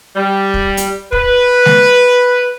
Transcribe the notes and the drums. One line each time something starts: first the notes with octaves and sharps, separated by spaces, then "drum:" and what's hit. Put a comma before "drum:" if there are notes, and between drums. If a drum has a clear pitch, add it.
G3
drum: kick
drum: hi-hat
B4, drum: kick
drum: snare G#3